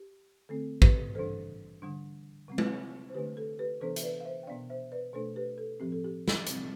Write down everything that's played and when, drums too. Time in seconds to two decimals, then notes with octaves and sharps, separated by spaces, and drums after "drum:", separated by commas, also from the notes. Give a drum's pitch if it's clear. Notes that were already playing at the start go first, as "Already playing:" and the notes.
Already playing: G4
0.49 D3 A3 C4 A4
0.82 G4 B4, drum: kick
1.15 E3 G3 D4 A4 C5
1.82 D3 G3 D4
2.48 C3 G3 C4
2.58 drum: tom G#3
3.09 C5
3.14 D3 A3 D4 G4 B4
3.37 A4
3.59 G4 B4
3.81 C3 E3 B3 D4 A4 C5
3.96 E5, drum: hi-hat
4.03 B4 D5
4.20 F5
4.25 C5 E5
4.43 G5
4.47 B2 B3 D4 D5 F5
4.70 C5 E5
4.92 B4 D5
5.13 B2 A3 D4 A4 C5
5.36 G4 B4
5.58 A4
5.80 A2 F3 C4 G4
5.92 A4
6.04 G4
6.28 drum: snare
6.46 C3 G3 C4, drum: hi-hat